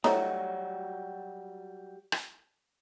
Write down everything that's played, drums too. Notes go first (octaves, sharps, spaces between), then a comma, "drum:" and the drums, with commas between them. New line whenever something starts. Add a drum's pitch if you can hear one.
F#3 G3 A3 D#4 F#4 C#5 D#5, drum: snare
drum: rim click